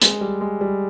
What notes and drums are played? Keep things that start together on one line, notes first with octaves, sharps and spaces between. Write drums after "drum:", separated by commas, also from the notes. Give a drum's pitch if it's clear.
G#3, drum: hi-hat
G3
G#3
G3